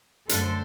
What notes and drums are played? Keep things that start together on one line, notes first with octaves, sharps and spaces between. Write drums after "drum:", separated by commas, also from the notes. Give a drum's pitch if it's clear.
F#2 D3 A3 D4 A4 C5, drum: hi-hat